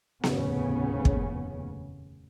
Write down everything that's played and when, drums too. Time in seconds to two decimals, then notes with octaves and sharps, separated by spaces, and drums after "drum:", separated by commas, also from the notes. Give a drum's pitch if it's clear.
0.23 F1 D#2 A2 C#3 B3 C#4, drum: snare B3
1.05 drum: kick